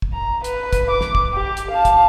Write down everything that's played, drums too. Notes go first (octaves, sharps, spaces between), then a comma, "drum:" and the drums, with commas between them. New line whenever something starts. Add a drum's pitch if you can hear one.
drum: kick
A#5
B4, drum: hi-hat
drum: kick, hi-hat
D6
drum: snare
drum: kick
G4
drum: hi-hat
F5 A5
drum: kick, hi-hat